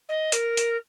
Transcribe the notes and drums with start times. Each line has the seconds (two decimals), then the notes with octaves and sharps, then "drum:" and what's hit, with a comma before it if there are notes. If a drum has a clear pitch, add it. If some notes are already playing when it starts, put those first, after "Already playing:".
0.09 D#5
0.32 A#4, drum: hi-hat
0.57 drum: hi-hat